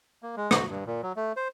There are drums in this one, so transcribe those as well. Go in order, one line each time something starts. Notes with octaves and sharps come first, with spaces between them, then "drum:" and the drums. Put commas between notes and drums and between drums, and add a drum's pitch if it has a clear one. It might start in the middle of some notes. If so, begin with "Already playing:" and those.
A#3
G#3
F#4, drum: rim click
G2
A#2
F#3
A3
C5